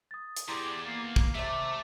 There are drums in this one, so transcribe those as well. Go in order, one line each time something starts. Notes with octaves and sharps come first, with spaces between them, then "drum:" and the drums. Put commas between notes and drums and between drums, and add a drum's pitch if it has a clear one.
D#6 A6
drum: hi-hat
E2 E4 G4 G#4 D5 A#5 C6
A#3 A6 C7
drum: kick
C3 A3 D5 E5